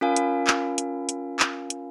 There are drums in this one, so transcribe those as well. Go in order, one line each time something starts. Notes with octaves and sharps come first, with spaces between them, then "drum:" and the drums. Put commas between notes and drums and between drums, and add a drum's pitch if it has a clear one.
C#4 F4 A#4 F5 G#5
drum: hi-hat
drum: clap
drum: hi-hat
drum: hi-hat
drum: clap
drum: hi-hat